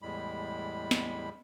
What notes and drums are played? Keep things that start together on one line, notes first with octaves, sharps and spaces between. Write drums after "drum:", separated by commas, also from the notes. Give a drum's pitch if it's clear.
E2 A2 G3 G#3 B5
drum: snare